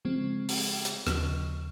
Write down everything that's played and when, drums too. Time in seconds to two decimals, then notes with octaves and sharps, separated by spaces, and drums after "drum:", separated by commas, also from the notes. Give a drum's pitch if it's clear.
0.05 C#3 F3 G#3 C4
0.48 drum: open hi-hat
0.85 drum: hi-hat
1.07 D#2 C#3 F3, drum: rim click